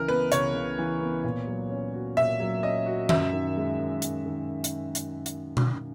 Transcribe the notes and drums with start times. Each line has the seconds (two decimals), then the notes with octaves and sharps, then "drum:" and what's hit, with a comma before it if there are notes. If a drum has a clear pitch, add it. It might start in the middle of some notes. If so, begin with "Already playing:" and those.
Already playing: C#2 C#3 E3 A#4
0.08 B3 B4
0.32 C#2 C#5, drum: hi-hat
0.54 C#3
0.78 E3
1.01 B3
1.24 A#2
1.47 F#3
1.70 C#4
1.94 F#4
2.17 A#2 E5
2.40 F#3
2.63 C#4 D#5
2.86 F#4
3.09 F#2 E5, drum: tom D#3
3.33 D#3
3.57 G#3
3.79 F#2
4.02 F#2, drum: hi-hat
4.26 D#3
4.64 drum: hi-hat
4.95 drum: hi-hat
5.26 drum: hi-hat
5.57 drum: tom B2